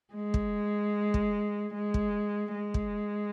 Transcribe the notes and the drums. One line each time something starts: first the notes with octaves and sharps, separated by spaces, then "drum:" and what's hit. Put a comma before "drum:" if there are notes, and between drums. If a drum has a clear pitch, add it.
G#3
drum: kick
drum: kick
G#3
drum: kick
G#3
drum: kick